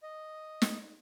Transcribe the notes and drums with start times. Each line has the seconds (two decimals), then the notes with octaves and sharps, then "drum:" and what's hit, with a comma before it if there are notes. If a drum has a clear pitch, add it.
0.03 D#5
0.62 drum: snare